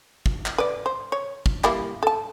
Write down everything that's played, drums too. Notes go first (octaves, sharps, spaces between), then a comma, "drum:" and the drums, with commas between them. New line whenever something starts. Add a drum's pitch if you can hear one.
drum: kick
drum: clap
B4 D5
C5
C#5
drum: kick
G3 A#3 E4, drum: clap
A4 A5